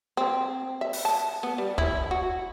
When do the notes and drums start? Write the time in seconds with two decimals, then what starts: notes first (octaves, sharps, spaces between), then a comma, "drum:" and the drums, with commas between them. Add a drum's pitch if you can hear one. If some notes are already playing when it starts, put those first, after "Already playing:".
0.17 C4
0.81 E5
0.93 drum: open hi-hat
1.05 A5
1.43 B3
1.58 G3
1.78 E4, drum: kick
2.11 F#4